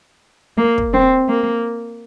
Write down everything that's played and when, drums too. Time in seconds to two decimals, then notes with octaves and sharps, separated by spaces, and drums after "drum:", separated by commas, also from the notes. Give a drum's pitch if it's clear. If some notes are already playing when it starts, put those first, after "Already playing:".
0.57 A#3
0.78 drum: kick
0.93 C4
1.29 A#3